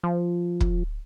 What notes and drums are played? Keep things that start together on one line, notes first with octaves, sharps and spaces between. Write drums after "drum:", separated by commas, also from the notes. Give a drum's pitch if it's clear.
F3
drum: kick